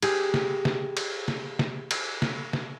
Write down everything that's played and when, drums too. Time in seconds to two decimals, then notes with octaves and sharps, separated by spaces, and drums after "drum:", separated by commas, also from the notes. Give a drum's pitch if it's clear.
0.02 G4 G#4, drum: cymbal
0.34 drum: snare
0.65 drum: snare
0.97 drum: cymbal
1.28 drum: snare
1.59 drum: snare
1.91 drum: cymbal
2.22 drum: snare
2.53 drum: snare